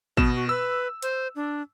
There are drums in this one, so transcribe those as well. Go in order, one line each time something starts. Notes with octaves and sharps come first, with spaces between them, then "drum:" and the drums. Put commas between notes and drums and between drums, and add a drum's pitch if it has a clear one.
B2 B3 E7, drum: kick
F#4
B4 E6
C5, drum: hi-hat
D4